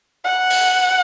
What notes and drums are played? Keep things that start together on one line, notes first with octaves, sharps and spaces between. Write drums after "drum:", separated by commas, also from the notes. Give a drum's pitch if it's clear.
F#5
drum: open hi-hat